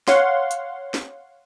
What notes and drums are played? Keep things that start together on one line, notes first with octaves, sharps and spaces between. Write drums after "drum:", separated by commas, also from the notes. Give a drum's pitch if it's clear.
C#5 F5 F#5 C6, drum: snare
drum: hi-hat
drum: snare